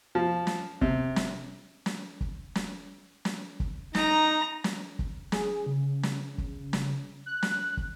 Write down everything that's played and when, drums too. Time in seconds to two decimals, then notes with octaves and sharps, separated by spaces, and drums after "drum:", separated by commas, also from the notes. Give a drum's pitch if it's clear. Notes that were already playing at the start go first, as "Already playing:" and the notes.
0.15 F3
0.47 drum: snare
0.81 C3, drum: kick
1.16 drum: snare
1.86 drum: snare
2.21 drum: kick
2.55 drum: snare
3.25 drum: snare
3.60 drum: kick
3.95 D#4 A#5, drum: snare
4.64 drum: snare
4.99 drum: kick
5.32 G#4, drum: snare
5.66 C#3
6.03 drum: snare
6.38 drum: kick
6.73 drum: snare
7.26 F#6
7.42 drum: snare
7.77 drum: kick